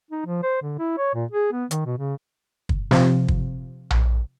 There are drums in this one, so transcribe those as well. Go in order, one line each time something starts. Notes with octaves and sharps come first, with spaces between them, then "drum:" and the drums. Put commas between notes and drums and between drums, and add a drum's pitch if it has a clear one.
D#4
F3
C5
D3
E4
C#5
A#2
G#4
B3
D#3, drum: hi-hat
B2
C#3
drum: kick
C3 F3, drum: snare
drum: kick
drum: tom A#1